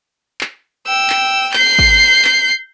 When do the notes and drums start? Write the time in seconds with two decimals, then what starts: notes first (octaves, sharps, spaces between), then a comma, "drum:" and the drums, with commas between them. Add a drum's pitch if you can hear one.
0.41 drum: clap
0.87 G5 E6
1.10 drum: clap
1.53 G6 C7, drum: clap
1.79 drum: kick
2.25 drum: clap